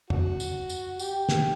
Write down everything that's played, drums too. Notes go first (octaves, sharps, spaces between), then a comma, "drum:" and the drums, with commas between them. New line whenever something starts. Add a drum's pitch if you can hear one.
F#4, drum: tom
drum: tambourine
drum: tambourine
G4, drum: tambourine
drum: snare